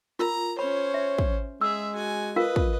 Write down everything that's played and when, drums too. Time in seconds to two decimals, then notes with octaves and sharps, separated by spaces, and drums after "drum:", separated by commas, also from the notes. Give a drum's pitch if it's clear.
0.19 F4 A#4 A#5
0.59 C#4 C5 C#5 B5
0.94 E5
1.19 drum: kick
1.61 G#3 G#4 E5 E6
1.95 F#4 G#5
2.36 F4 A#4 B4 D#5 F5
2.56 drum: kick